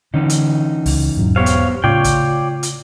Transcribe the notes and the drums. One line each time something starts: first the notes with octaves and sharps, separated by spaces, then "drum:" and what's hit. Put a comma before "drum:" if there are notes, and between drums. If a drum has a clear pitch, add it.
D3 E3 C#4 D#4
drum: hi-hat
C#2, drum: open hi-hat
E1 G#2 F#3
B3 G4 C5 C#5 F5
drum: hi-hat
A2 C#3 F4 C#5 D5 G5
drum: kick, hi-hat
drum: hi-hat